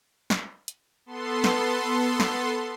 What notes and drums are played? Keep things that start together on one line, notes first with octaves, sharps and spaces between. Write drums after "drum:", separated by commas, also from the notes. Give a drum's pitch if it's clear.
drum: snare
drum: hi-hat
B3 A4 C6
drum: snare
drum: snare